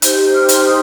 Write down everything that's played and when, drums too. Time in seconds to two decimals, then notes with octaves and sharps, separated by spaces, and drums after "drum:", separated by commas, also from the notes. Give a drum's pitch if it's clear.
0.02 D#4 G4 C5 G6, drum: hi-hat
0.33 F6
0.49 drum: hi-hat
0.64 D#6